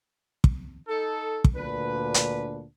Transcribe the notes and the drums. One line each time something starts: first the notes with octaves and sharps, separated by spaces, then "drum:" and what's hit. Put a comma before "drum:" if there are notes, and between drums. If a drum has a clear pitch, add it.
drum: kick
D#4 A4
drum: kick
D2 A#2 D4 B4
drum: hi-hat